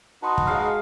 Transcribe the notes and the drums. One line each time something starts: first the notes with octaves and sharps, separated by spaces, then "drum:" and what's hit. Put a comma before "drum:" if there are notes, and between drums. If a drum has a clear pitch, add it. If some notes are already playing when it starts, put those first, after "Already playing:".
D#4 F#4 B4 A5 C6 D#6
drum: kick
G#3 F5